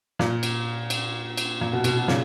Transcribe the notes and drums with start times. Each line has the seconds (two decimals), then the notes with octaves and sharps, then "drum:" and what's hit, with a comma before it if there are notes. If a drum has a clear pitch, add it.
0.19 A#2, drum: snare
0.43 drum: cymbal
0.90 drum: cymbal
1.38 drum: cymbal
1.61 A#2
1.73 B2
1.84 B2, drum: cymbal
1.97 B2
2.08 A#2 C#3, drum: snare